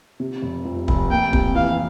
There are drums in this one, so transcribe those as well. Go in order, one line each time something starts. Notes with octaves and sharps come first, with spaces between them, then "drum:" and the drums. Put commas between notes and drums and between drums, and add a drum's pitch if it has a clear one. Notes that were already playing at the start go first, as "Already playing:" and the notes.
C3
F1
F2
F1, drum: kick
A#3 G5
C3, drum: kick
E3 F5